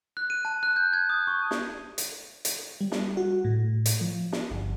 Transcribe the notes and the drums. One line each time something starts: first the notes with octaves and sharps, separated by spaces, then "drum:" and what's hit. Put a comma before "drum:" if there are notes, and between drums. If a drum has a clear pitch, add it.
F#6
D#7
A5
F#6
G6
G#6
D#6
C#6
drum: snare
drum: hi-hat
drum: hi-hat
G3
drum: snare
F#4
A2
drum: hi-hat
F3
drum: snare
G1